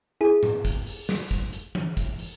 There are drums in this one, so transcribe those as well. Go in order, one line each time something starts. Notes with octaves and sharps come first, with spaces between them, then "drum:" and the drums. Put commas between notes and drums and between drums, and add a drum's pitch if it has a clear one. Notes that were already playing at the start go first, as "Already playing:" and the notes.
E4 G#4
drum: tom G#2
drum: kick, hi-hat
drum: open hi-hat
drum: snare
drum: kick, hi-hat
drum: hi-hat
drum: tom E3
drum: kick, hi-hat
drum: open hi-hat